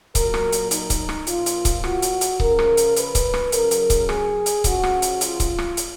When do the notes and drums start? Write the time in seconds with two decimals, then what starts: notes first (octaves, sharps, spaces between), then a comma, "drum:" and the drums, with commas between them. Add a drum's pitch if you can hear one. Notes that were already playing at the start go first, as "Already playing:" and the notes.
0.15 A#2 F#3 A#4, drum: kick C#1, hi-hat
0.34 drum: rim click
0.52 drum: hi-hat
0.71 D#4, drum: hi-hat
0.90 drum: kick C#1, hi-hat
1.09 drum: rim click
1.27 A#2 F3 F4, drum: hi-hat
1.46 drum: hi-hat
1.65 drum: kick C#1, hi-hat
1.84 F#4, drum: rim click
2.02 drum: hi-hat
2.21 drum: hi-hat
2.40 C#3 F3 A#4, drum: kick C#1
2.59 drum: rim click
2.77 drum: hi-hat
2.96 B4, drum: hi-hat
3.15 drum: kick C#1, hi-hat
3.34 drum: rim click
3.52 C#3 F#3 A#4, drum: hi-hat
3.71 drum: hi-hat
3.90 drum: kick C#1, hi-hat
4.09 G#4, drum: rim click
4.46 drum: hi-hat
4.64 C#3 F3 F#4, drum: kick C#1, hi-hat
4.83 drum: rim click
5.02 drum: hi-hat
5.21 F4, drum: hi-hat
5.40 drum: kick C#1, hi-hat
5.58 drum: rim click
5.77 drum: hi-hat